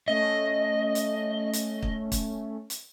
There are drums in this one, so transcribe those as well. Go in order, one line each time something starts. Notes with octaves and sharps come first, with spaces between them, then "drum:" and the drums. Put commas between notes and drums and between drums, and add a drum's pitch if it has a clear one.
A3 C#4 D#5
drum: hi-hat
drum: hi-hat
drum: kick
drum: kick, hi-hat
drum: hi-hat